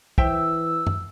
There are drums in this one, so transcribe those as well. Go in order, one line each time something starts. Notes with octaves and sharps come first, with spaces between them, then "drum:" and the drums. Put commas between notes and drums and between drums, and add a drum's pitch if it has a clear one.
E3 C5 E5 G5 E6, drum: kick
drum: tom F#2